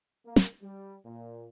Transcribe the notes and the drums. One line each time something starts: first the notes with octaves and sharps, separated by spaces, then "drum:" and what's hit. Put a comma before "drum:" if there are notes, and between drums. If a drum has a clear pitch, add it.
A#3
drum: snare
G3
A#2